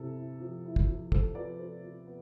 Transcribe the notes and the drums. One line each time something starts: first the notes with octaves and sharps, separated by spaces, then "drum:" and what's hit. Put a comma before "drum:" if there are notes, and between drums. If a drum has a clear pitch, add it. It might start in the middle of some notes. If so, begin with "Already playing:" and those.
Already playing: C3 E4 A4
E4
F3
E4
drum: kick
F3
F3 A4 C5, drum: kick
F3 B4 D5
F3 A4 C5
F3
B3